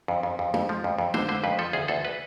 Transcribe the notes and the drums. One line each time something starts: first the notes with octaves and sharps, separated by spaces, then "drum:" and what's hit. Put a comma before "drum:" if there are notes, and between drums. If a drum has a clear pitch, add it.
F2
F2
F2
F2, drum: tom G#3
F3
F2
F2
D3 C5, drum: tom G#3
D3 C5
F2 B4
F3 A4
D2 G#4
D2 A4
B4